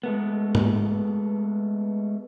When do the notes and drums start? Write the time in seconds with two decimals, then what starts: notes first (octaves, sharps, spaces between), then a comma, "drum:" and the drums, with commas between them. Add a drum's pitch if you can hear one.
0.04 G#3 A3 B3
0.55 drum: tom G#2